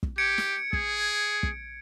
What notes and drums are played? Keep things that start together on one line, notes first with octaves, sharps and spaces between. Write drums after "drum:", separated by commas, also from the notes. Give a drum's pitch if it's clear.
drum: kick
G4 G#6 C#7 D7
drum: snare
G#4, drum: kick
drum: kick